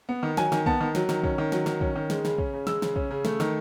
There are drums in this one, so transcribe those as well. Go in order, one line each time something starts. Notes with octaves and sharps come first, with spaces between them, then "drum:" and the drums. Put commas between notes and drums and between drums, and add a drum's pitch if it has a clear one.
B3
D#3
F#3 G#5, drum: snare
D#3, drum: snare
B3 A5, drum: kick
D#3
F#3, drum: snare
D#3, drum: snare
C#4, drum: kick
D#3
F#3, drum: snare
D#3, drum: snare
C#4, drum: kick
D#3
G#3, drum: snare
C#3, drum: snare
C#4, drum: kick
C#3
G#3 E6, drum: snare
C#3, drum: snare
C#4, drum: kick
C#3
A3, drum: snare
D#3, drum: snare